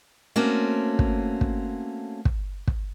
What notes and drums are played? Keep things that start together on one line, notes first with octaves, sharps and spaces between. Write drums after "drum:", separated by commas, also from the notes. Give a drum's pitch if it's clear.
A3 A#3 C4 C#4 F#4
drum: kick
drum: kick
drum: kick
drum: kick